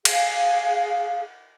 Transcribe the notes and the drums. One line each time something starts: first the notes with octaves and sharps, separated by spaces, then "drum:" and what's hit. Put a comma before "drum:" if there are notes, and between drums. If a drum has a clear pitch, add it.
G#4 F5, drum: cymbal